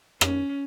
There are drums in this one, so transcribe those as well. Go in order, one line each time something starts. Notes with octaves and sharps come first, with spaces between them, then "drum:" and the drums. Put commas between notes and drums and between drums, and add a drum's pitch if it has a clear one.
C#4, drum: rim click